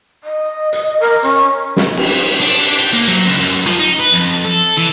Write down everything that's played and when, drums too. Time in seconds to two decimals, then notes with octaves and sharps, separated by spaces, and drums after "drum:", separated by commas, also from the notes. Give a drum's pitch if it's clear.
0.24 D#5
0.73 drum: hi-hat
1.00 A#4
1.23 C#4, drum: hi-hat
1.77 drum: snare
1.97 drum: cymbal
2.40 D4
2.80 G5
2.93 A#3
3.08 F#3
3.26 C#2
3.39 F#2
3.66 F3, drum: rim click
3.79 D#4
3.99 B4
4.12 F2
4.45 A4
4.77 E3